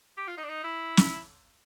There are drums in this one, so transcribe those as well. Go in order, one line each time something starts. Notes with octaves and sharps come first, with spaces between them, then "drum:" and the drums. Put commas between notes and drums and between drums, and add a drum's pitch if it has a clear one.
G4
F4
D#4
D4
D#4
E4
drum: snare